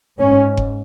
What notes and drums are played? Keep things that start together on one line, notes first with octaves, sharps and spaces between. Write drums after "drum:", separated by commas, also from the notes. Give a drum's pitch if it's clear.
G#2 C#4
drum: kick F#1